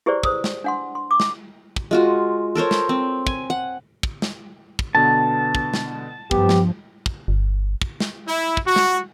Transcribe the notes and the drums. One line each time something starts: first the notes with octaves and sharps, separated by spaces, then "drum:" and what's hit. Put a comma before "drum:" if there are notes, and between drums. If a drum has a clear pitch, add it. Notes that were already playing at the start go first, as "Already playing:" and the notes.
E4 G4 G#4 B4 C5 D5
C5 D#6 E6, drum: kick
drum: snare
D4 F#5 C6
C6
D6
drum: snare
drum: kick
G#3 F4 F#4
A4 A#4 C5 C#5
drum: snare
C4
G#5, drum: kick
F#5
drum: kick
drum: snare
drum: kick
B2 D3 B3 A5
drum: kick
drum: snare
G2 F3 B3 G4, drum: kick
drum: snare
drum: kick
G1
drum: kick
drum: snare
E4
drum: kick
F#4
drum: snare